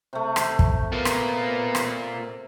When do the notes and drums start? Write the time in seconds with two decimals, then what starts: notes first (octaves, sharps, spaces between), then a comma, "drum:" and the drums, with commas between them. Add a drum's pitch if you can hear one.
0.13 C3 A3
0.36 drum: rim click
0.59 drum: kick
0.93 A#3 B3 F4
1.05 drum: rim click
1.75 drum: rim click